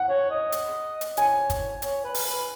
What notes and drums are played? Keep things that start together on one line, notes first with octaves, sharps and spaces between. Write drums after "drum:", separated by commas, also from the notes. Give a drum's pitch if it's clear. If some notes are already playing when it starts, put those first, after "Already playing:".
Already playing: F#5
C#5
D#5
drum: hi-hat
drum: hi-hat
C#5 G#5, drum: hi-hat
drum: kick, hi-hat
C#5, drum: hi-hat
B4
drum: open hi-hat
B4